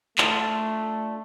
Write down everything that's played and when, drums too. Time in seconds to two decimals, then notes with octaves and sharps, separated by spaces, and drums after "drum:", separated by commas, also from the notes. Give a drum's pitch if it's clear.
0.18 A3 D4 F4 A4, drum: clap